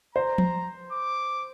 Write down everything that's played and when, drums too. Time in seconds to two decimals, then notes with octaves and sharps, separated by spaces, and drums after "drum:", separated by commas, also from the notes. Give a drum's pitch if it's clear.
0.15 C5 A#5
0.38 drum: tom F3
0.92 D6